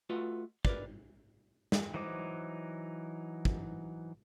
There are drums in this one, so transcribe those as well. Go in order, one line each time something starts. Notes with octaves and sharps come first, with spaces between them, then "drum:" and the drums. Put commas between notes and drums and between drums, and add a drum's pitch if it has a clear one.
A3 F4 F#4 B4 D#5
A#4 B4 D5, drum: kick
drum: snare
E3 F#3 D#4 C5 D6
drum: kick